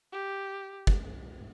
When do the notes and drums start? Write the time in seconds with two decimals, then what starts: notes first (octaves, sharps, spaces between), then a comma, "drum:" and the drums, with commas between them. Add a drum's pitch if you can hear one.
0.13 G4
0.87 drum: kick